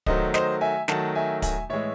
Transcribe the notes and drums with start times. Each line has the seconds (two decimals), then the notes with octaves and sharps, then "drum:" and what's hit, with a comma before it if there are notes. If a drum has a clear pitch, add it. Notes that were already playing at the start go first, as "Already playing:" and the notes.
0.06 D#3 F#3 A3 C5 D#5, drum: kick
0.34 C5 D#5, drum: snare
0.61 E5 G#5
0.88 D#3 F#3 A3 F#5 A5, drum: snare
1.15 E5 G#5
1.42 E5 G#5, drum: kick, hi-hat
1.69 A2 E3 G#3 C#5 E5